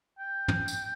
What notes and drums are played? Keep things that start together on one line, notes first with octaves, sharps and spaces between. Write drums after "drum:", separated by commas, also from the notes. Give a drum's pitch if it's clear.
G5
drum: tom
drum: tambourine